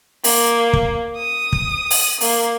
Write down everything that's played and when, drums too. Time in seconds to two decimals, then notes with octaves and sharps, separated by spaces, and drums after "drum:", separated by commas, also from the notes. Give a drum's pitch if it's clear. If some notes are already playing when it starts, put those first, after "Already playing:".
0.24 A#3, drum: open hi-hat
0.73 drum: kick
1.17 D#6
1.53 drum: kick
1.91 drum: open hi-hat
2.21 A#3, drum: open hi-hat